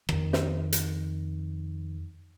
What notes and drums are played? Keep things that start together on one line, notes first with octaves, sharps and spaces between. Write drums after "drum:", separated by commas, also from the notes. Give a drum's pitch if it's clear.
F2 D#3, drum: rim click
drum: snare
drum: hi-hat